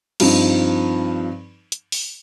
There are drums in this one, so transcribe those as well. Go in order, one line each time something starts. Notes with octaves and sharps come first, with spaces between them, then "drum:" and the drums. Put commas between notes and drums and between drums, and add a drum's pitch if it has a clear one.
G2 F3 C4 D#4, drum: cymbal
drum: hi-hat
drum: open hi-hat